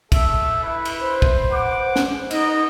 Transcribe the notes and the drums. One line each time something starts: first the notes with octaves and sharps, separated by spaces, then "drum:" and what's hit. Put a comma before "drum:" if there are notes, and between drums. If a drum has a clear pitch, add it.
A3 A4 E5, drum: kick, cymbal
E4 B4
drum: cymbal
C5
drum: kick
B4 F#5 D6
drum: snare
B3 D#4 D#5, drum: cymbal